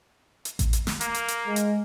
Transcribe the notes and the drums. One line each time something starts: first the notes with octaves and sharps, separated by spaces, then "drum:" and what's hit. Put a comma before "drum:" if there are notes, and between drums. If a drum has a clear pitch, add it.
drum: hi-hat
drum: kick A1, hi-hat
drum: hi-hat
drum: snare
A#3, drum: hi-hat
drum: hi-hat
drum: hi-hat
G#3
drum: hi-hat